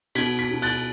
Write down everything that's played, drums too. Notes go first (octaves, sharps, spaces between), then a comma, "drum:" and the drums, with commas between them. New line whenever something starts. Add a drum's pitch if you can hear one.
B2 G#6 B6, drum: cymbal
G#6 B6
B2
F#6 A6, drum: cymbal